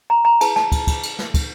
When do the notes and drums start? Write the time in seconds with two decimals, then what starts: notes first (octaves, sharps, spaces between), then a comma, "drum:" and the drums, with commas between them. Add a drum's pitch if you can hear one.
0.10 A#5
0.25 A#5
0.41 E4 G#4 B4 A5, drum: cymbal
0.56 A5, drum: snare
0.72 drum: kick, cymbal
0.87 drum: kick, cymbal
1.03 drum: cymbal
1.19 drum: snare
1.34 drum: kick, cymbal